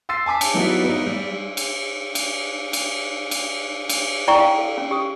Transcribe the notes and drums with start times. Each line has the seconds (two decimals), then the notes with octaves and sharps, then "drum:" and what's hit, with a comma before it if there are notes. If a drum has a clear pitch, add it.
0.09 C6 E6 A6 C7
0.26 G#5 A5 D6 B6
0.41 drum: cymbal
0.54 F#3 G3 B3 D#4 E4 F#4
0.84 B3 D#4
1.06 G3
1.57 drum: cymbal
2.15 drum: cymbal
2.73 drum: cymbal
3.31 drum: cymbal
3.89 drum: cymbal
4.28 D4 E4 D5 G5 A#5 C#6
4.40 F5
4.58 A4
4.78 C#4
4.91 G4 D#6